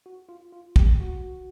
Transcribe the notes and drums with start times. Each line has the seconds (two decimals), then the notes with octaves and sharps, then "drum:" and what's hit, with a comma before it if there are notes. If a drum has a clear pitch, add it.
0.06 F#4
0.29 F4
0.52 F4
0.76 G4, drum: kick
1.00 F#4